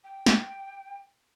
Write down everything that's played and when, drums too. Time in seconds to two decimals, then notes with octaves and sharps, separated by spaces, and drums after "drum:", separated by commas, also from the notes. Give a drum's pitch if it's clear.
0.04 G5
0.26 drum: snare